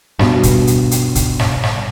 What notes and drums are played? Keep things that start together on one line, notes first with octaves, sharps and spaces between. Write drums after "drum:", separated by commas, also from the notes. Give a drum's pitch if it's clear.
G2 B2, drum: snare
drum: kick, hi-hat
drum: hi-hat
drum: hi-hat
drum: kick, hi-hat
drum: snare
drum: snare